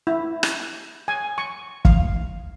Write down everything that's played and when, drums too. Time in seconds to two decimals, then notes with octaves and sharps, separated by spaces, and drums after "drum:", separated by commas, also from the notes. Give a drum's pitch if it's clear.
0.07 E4
0.43 drum: rim click
1.08 G#5
1.38 C#6
1.85 F5, drum: kick